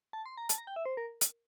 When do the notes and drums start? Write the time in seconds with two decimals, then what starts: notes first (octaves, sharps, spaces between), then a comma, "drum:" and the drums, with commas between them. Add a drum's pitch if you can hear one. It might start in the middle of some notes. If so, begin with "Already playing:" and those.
0.13 A5
0.26 C6
0.38 A#5
0.49 A5, drum: hi-hat
0.58 A#5
0.67 G5
0.76 E5
0.86 C5
0.97 A#4
1.21 drum: hi-hat